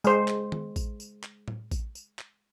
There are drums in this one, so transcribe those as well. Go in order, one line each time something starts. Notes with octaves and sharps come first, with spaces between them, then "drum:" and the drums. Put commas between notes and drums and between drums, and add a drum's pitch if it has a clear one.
G#3 C5, drum: tambourine
drum: clap
drum: tom D#3
drum: kick A1, tambourine
drum: tambourine
drum: clap
drum: tom A2
drum: kick A1, tambourine
drum: tambourine
drum: clap